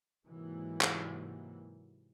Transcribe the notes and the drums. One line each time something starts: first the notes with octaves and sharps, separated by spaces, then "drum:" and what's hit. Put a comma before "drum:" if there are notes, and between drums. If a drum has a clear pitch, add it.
G#2 C3 E3 F#3 A#3
drum: clap